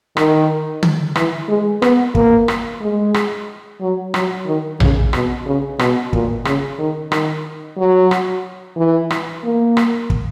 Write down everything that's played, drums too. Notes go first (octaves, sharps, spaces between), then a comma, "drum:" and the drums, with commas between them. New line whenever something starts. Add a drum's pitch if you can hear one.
D#3, drum: rim click
drum: tom D3
E3, drum: rim click
G#3
B3, drum: rim click
A#3, drum: kick
drum: rim click
G#3
drum: rim click
F#3
F#3, drum: rim click
D#3
C#3, drum: tom A#1
B2, drum: rim click
C#3
B2, drum: rim click
A#2, drum: kick
C#3, drum: rim click
D#3
D#3, drum: rim click
F#3
drum: rim click
E3
drum: rim click
A#3
drum: rim click
drum: kick